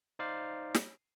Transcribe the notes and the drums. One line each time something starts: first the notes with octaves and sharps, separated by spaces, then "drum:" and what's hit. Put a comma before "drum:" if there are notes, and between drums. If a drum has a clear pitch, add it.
D#4 C5 D5 F5
drum: snare